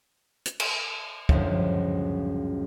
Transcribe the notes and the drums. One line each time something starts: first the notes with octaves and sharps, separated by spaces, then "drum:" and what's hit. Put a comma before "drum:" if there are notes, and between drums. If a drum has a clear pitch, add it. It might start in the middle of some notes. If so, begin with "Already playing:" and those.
drum: hi-hat
drum: cymbal
G1 C#2 F#2 A2 F3, drum: kick